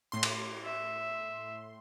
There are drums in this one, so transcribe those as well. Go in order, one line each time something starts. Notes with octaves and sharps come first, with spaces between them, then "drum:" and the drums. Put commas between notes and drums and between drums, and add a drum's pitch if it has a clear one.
A2 C6
drum: cymbal
E5